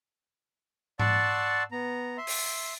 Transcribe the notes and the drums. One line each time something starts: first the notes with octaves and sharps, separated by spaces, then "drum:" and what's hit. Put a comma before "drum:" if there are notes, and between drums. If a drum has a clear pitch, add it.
D5 F#5 A5 C6 C#6 E6, drum: tom G#2
B3 A#5
E5 C6
drum: open hi-hat